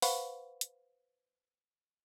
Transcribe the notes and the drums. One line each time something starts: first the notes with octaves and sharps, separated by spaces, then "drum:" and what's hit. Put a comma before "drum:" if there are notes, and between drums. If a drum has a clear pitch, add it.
B4 C5 F5 F#5 B5 C#6, drum: open hi-hat
drum: hi-hat